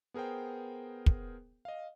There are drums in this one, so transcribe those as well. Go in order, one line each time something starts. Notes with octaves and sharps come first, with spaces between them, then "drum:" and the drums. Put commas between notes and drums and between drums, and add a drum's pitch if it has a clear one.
B3 G#4 A#4 C5 G5
drum: kick
D#5 F5